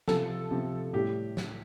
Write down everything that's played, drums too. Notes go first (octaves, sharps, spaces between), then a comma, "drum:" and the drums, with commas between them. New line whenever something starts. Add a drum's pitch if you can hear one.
C3 F3 A4, drum: snare
C3 F3
A2 G3 G4
drum: snare